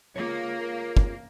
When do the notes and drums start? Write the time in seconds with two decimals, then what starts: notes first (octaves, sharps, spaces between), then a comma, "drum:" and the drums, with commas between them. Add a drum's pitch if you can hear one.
0.16 A#3 F4 G#4 C#5
0.97 drum: kick